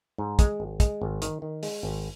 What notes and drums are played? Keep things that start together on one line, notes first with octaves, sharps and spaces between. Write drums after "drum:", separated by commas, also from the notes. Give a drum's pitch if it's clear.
G#2
G#3, drum: kick, hi-hat
G#1
G#3, drum: kick, hi-hat
G#1
D#3, drum: hi-hat
D#3
G#3, drum: open hi-hat
G#1